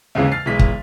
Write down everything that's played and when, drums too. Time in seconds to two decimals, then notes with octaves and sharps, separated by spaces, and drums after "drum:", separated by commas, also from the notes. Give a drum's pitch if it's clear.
0.15 D#2 G#2 C#3 E3
0.32 F6 A6 C7
0.45 B1 E3 G#3 B6
0.59 drum: kick